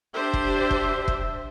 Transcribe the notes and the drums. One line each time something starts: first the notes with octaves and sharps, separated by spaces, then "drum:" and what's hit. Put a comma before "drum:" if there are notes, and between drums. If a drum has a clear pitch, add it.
D4 G4 C5 E5
drum: kick
drum: kick
drum: kick